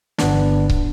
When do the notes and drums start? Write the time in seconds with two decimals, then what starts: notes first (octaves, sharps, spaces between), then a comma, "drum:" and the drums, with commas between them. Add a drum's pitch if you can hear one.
0.18 G1 B3 D4, drum: snare
0.70 drum: kick C#1